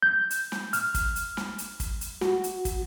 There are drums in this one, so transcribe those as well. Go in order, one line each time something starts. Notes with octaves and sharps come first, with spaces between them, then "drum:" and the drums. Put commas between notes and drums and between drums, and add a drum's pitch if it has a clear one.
G6
drum: hi-hat
drum: snare
F6, drum: hi-hat
drum: kick, hi-hat
drum: hi-hat
drum: snare
drum: hi-hat
drum: kick, hi-hat
drum: hi-hat
F#4, drum: snare
drum: hi-hat
drum: kick, hi-hat